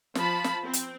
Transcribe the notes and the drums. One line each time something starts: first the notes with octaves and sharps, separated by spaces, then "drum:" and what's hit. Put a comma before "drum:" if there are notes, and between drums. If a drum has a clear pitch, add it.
F3 A5 B5, drum: snare
drum: snare
C4
drum: hi-hat